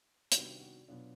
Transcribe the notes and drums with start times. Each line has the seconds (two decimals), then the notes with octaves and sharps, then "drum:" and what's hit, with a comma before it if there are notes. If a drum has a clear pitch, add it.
0.32 C3 D#3 G3 B3 D4 F#4, drum: hi-hat
0.60 F#4
0.88 B2 F#3 B3 D4 F4